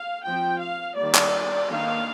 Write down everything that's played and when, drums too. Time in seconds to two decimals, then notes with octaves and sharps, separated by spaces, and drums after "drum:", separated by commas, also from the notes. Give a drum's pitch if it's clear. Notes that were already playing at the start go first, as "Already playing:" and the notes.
Already playing: F5
0.26 F3 C4 G5
0.61 F5
0.97 D#3 G3 A#3 D5
1.15 drum: clap
1.70 D#3 A#3 D4 F5